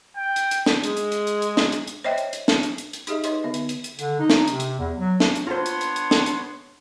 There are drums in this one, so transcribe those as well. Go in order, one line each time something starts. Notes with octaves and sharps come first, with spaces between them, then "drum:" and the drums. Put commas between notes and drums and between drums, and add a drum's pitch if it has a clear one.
G5
drum: hi-hat
drum: hi-hat
drum: snare
G#3, drum: hi-hat
drum: hi-hat
drum: hi-hat
drum: hi-hat
drum: hi-hat
drum: snare
drum: hi-hat
drum: hi-hat
C5 C#5 D#5 E5 G5
drum: hi-hat
drum: hi-hat
drum: snare
drum: hi-hat
drum: hi-hat
drum: hi-hat
D#4 G4 G#4 D#5 E5, drum: hi-hat
D#4 B4 C#5 D#5 C6 D6, drum: hi-hat
D3 B3 E5
drum: hi-hat
drum: hi-hat
drum: hi-hat
D3, drum: hi-hat
D#4
drum: snare
C3, drum: hi-hat
drum: hi-hat
E2
F#3
drum: snare
drum: hi-hat
B3 D4 F4 C5 C#5 C6
drum: hi-hat
drum: hi-hat
drum: hi-hat
drum: snare
drum: hi-hat